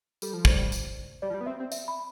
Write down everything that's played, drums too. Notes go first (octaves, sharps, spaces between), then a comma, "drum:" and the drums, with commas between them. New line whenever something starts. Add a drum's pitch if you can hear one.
G3 A4, drum: tambourine
F3
G3 C5, drum: kick
drum: tambourine
G3 D5
F3
G3
B3
C4 E5
C4
E5, drum: tambourine
B5